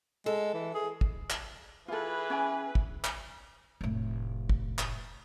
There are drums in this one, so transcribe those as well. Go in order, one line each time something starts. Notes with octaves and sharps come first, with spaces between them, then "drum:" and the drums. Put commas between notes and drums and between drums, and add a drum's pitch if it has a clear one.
G#3 A4
E3
G#4
drum: kick
drum: clap
E3 F4 G#4 A4 B4
C#4 G5 G#5
drum: kick
drum: clap
F1 A2
drum: kick
drum: clap